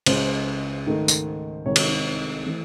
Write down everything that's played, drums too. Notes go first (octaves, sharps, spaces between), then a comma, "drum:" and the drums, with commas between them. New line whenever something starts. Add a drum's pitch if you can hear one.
C#2 C#3 G#3 C5, drum: cymbal
G#2 D#3 A3
drum: tambourine
C2 C3 D#3 G#3 C#5
drum: cymbal
E3 A3